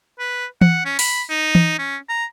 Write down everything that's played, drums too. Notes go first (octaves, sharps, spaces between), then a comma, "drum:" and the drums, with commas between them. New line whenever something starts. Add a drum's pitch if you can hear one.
B4
F#5, drum: tom E3
C#4
B5, drum: open hi-hat
D#4
drum: tom E3
C#4
A#5